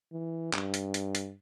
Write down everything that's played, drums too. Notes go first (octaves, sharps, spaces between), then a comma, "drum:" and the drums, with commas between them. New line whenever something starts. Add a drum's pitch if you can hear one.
E3
G2, drum: clap
drum: hi-hat
drum: hi-hat
drum: hi-hat